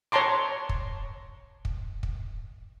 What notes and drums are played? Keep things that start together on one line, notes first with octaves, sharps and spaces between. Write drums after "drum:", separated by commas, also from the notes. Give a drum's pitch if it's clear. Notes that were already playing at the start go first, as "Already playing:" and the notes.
C#5 A5 A#5 C6 D6
drum: kick
drum: kick
drum: kick